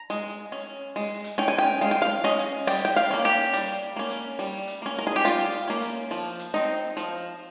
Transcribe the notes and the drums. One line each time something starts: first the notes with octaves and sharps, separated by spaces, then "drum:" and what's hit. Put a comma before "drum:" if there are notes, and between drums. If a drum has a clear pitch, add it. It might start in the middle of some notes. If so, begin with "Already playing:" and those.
Already playing: A#5
G#3, drum: hi-hat
C#4
G#3, drum: open hi-hat
drum: hi-hat
C#4 G5
G#5
G5
G#3 F5
G5
F5
C#4 D#5
drum: hi-hat
G3 G5, drum: open hi-hat
G5
F5, drum: hi-hat
A#3 C#4
G4
G3, drum: hi-hat
A#3 C#4
drum: hi-hat
G3, drum: open hi-hat
drum: hi-hat
A#3 C#4
A#4
G#4
G4
G3 F4, drum: hi-hat
A#3 C#4
drum: hi-hat
F3, drum: open hi-hat
drum: hi-hat
C4 D#4
F3, drum: hi-hat